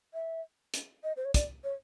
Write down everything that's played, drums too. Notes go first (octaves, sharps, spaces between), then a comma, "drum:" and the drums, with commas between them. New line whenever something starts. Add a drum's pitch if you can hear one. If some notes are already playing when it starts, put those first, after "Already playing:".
E5
drum: hi-hat
D#5
C5
C#5
D5, drum: kick, hi-hat
C#5